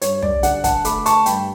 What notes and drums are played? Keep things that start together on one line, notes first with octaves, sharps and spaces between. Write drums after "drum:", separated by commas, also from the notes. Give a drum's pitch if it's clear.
G2 C#5, drum: hi-hat
D5, drum: tom
D3 D5 F#5, drum: hi-hat
F#5 A5, drum: kick, hi-hat
A3 B5 D6, drum: hi-hat
A5 C#6, drum: hi-hat
G2 G5 B5, drum: hi-hat